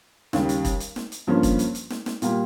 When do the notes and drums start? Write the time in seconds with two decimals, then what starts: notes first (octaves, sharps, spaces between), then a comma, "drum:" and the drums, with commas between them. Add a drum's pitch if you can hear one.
0.33 D#2 C#3 G3, drum: snare
0.49 drum: hi-hat
0.65 drum: kick, hi-hat
0.80 drum: hi-hat
0.96 drum: snare
1.12 drum: hi-hat
1.27 G2 F3 A#3 C#4
1.43 drum: kick, hi-hat
1.59 drum: hi-hat
1.75 drum: hi-hat
1.90 drum: snare
2.06 drum: snare
2.22 A#2 G3 A#3, drum: hi-hat